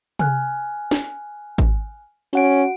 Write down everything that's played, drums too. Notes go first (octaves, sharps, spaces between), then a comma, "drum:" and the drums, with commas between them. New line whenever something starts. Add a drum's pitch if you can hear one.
G#5 F6 F#6, drum: tom C3
drum: snare
drum: kick G#1
C#4 F#4 F#5 D7, drum: hi-hat